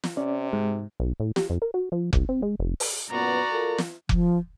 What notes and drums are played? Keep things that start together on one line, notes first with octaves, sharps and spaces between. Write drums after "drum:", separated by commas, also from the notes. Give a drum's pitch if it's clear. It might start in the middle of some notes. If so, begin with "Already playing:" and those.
drum: snare
C3 C#4 D5
G#2 G#3
B1
A2
G4, drum: snare
F2
A#4
F#4
F3
C2, drum: kick F1
C4
G#3
F1
drum: open hi-hat
F#2 A#2 B3 F#4 D5 A#5
F4 A4 A#4
drum: snare
F3, drum: kick F1